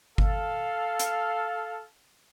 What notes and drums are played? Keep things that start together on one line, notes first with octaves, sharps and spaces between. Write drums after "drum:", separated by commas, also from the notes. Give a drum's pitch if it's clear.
A4 F5, drum: kick G1
drum: hi-hat